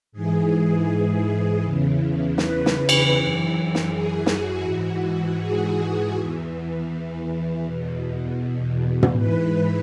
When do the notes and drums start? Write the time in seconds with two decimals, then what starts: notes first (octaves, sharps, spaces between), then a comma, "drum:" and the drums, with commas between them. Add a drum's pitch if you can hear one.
0.12 G#2 E3 G#4
1.63 E2 C#3 E3
2.38 B4, drum: snare
2.66 drum: snare
2.89 drum: cymbal
3.14 F#2 E3
3.75 drum: snare
3.88 G#4
4.26 F#4, drum: snare
4.63 G#2 E3 F#4
5.39 G#4
6.15 E2 E3
7.64 E2 B2
9.03 drum: tom
9.15 G#2 E3 B4